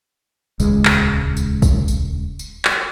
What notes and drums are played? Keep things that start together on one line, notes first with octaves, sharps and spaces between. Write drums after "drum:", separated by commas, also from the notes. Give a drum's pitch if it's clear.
D#1 C#2 G#3, drum: tambourine
drum: clap
drum: tambourine
drum: kick, tambourine
drum: tambourine
drum: tambourine
drum: clap